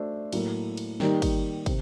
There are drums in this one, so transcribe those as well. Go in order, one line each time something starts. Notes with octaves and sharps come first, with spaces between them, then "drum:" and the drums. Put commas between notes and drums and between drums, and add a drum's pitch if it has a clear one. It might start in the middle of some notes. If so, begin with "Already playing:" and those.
Already playing: A3 D4 F#4 C5
A2 F#3 A#3, drum: cymbal
drum: cymbal
D#3 G3 A#3 D#4 G4, drum: snare
drum: kick, cymbal
C3, drum: kick, cymbal